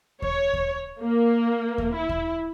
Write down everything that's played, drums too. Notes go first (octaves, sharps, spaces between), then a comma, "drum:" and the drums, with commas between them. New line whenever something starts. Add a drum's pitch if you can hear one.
C#5, drum: kick D#2
drum: kick D#2
A#3
drum: kick D#2
E4
drum: kick D#2